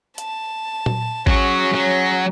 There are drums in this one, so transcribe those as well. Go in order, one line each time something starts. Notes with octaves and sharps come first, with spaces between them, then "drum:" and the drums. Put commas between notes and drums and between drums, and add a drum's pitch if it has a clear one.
A5, drum: hi-hat
drum: tom A#2
F#3 C#4 F#4 G#4, drum: kick G#1
F#3